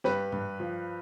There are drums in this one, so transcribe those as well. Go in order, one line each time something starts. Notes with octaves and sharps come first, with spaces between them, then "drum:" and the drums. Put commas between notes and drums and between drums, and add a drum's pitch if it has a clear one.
G2 G4 B4, drum: snare
G2, drum: tom G#2
F3